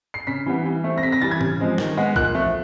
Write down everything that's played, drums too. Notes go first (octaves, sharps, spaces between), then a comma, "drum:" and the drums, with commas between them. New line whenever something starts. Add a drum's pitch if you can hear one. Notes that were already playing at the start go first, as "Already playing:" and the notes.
C7
C#3 B6
E3 G3 B3
E3
A3 C4
A#6
C3 B6
A#6
E3 G3 A6
G#6
C#3, drum: tom G#2
F3 G#3 C4
D#3, drum: snare
G#3 B3
A#2 F#6, drum: kick B1
F3 A3